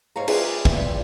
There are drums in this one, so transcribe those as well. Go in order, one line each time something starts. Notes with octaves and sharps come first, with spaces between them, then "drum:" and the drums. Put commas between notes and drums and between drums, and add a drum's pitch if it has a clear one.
G#2 C#5 F5 A#5
F4 G#4 B4 D5 E5 F5, drum: cymbal
drum: kick